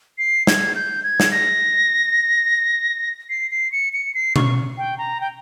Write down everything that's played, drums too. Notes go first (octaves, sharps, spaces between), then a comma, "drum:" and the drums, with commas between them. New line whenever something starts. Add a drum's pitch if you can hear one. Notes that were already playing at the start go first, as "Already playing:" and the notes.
C7
G#6, drum: snare
G6
G#6
drum: snare
A#6
C7
C7
C#7
C#7
C7
C#6, drum: tom B2
G5
A#5
G5